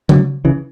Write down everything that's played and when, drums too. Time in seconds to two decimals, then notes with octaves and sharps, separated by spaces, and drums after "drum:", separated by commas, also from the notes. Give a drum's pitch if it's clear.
0.09 D3 F#3, drum: tom C#3
0.45 C#3 E3